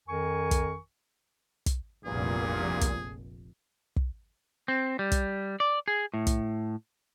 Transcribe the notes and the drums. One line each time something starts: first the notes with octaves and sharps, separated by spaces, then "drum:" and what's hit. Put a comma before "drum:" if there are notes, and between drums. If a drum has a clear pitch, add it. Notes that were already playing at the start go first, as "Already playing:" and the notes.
F2 D#3 A#4 G#5 C#6
drum: kick, hi-hat
drum: kick, hi-hat
F1 A#1 E2 G2 A#2 G#4
drum: kick, hi-hat
drum: kick
C4
G3
drum: kick, hi-hat
D5
G#4
A2
drum: kick, hi-hat